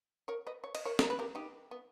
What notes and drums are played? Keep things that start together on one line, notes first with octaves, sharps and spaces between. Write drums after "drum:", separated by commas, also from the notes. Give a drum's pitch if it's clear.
A#4 C#5
B4 D#5
C#5
D#5, drum: cymbal
A#4 C#5
A#4, drum: snare
B4
G4 A#4
D#4 G4
B3